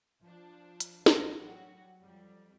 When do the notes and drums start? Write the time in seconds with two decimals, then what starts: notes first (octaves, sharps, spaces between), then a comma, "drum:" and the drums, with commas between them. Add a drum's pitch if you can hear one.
0.23 F3 D4
0.80 drum: hi-hat
1.06 A1 B4 A#6, drum: snare
1.38 F#3 G3 F#4
2.02 F2 G3